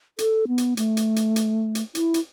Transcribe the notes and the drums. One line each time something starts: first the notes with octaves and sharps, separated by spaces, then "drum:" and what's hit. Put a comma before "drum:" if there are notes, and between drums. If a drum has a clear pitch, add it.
A4, drum: hi-hat
B3
drum: hi-hat
A3, drum: hi-hat
drum: hi-hat
drum: hi-hat
drum: hi-hat
drum: hi-hat
E4, drum: hi-hat
drum: hi-hat